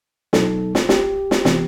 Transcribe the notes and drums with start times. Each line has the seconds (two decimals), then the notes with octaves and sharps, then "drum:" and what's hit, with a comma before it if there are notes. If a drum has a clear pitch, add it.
0.33 B2 F#3 B3 D#4 A4, drum: snare
0.75 drum: snare
0.89 G4, drum: snare
1.31 drum: snare
1.45 C3 E3 B3, drum: snare